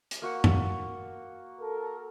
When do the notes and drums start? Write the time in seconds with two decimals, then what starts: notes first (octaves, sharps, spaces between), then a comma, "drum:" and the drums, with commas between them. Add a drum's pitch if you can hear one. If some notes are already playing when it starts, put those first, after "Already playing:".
0.11 drum: hi-hat
0.22 A#3 F#4 F#5
0.44 drum: tom F#2
1.60 A4 A#4